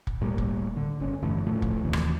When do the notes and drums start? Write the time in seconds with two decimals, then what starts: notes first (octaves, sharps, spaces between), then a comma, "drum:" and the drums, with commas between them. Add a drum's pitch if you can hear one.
0.07 drum: kick
0.21 A2 G3 A#3
0.38 drum: kick
0.76 D3
1.00 G1 C#4
1.22 G2 D3 E3 A3
1.46 A2 F3 A3
1.62 drum: kick
1.83 D#2 C3 E3
1.93 drum: rim click